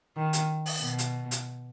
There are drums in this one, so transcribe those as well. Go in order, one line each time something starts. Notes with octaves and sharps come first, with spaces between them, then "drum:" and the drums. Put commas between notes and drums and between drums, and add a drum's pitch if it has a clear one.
D#3
drum: hi-hat
drum: open hi-hat
B2
drum: hi-hat
drum: hi-hat